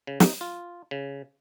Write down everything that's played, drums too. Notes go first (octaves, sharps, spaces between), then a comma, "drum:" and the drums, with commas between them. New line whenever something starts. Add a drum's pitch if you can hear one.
C#3
D#4, drum: snare
F4
C#3